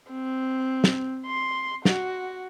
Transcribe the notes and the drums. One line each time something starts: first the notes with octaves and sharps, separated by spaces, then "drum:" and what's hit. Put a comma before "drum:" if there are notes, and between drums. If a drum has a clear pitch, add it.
C4
drum: snare
C6
F#4, drum: snare